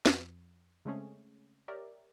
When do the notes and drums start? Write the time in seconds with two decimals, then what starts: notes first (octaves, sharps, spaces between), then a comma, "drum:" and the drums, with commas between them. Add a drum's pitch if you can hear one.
0.06 F2, drum: snare
0.85 C#3 G#3 A3 C4 C#4 G#4
1.68 G4 A#4 C#5 D5 E5